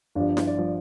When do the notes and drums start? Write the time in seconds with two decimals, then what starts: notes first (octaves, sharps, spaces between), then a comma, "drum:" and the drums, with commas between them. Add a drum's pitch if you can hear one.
0.15 G1 G2 F3 D4
0.37 F4, drum: snare E4
0.47 D5
0.58 F3